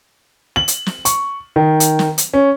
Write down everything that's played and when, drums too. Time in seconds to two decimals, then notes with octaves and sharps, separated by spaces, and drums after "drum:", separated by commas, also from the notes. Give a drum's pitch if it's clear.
0.56 F#7
0.68 drum: hi-hat
0.86 drum: snare
1.05 C#6, drum: hi-hat
1.56 D#3
1.80 drum: hi-hat
1.99 drum: snare
2.18 drum: hi-hat
2.34 C#4